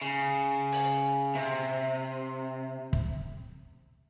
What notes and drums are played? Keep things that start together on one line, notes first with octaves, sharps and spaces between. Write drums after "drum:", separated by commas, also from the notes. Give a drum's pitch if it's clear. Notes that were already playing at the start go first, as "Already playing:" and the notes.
C#3
drum: open hi-hat
C3
drum: kick